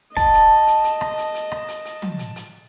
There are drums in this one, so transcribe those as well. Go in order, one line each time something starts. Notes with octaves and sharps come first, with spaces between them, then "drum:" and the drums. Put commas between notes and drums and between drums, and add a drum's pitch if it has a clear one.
D#5 A5, drum: kick, hi-hat
drum: hi-hat
drum: hi-hat
drum: hi-hat
drum: rim click
drum: hi-hat
drum: hi-hat
drum: rim click
drum: hi-hat
drum: hi-hat
drum: tom
drum: hi-hat
drum: hi-hat